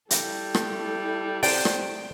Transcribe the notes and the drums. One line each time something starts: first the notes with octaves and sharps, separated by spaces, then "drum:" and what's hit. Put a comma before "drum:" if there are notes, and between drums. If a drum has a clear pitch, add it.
G3 E4 A4, drum: hi-hat
drum: rim click
C3 D5 G5, drum: open hi-hat
drum: rim click